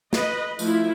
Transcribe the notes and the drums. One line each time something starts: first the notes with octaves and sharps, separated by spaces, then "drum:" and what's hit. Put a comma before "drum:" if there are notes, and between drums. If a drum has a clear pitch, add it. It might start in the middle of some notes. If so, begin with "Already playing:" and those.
B4 D#5, drum: snare
F3 A3 E4, drum: tambourine